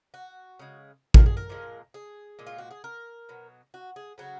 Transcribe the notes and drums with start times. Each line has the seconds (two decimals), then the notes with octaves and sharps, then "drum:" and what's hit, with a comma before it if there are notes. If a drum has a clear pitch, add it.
0.14 F#4
0.59 C#3 G#3
1.14 A#4, drum: kick
1.26 G#4
1.37 A#4
1.49 A#2 F3 G#3
1.94 G#4
2.39 A#2 G#3
2.47 F4
2.58 F#4
2.71 G#4
2.84 A#4
3.29 B2 F#3
3.74 F#4
3.96 G#4
4.18 C#3 F#3 F#4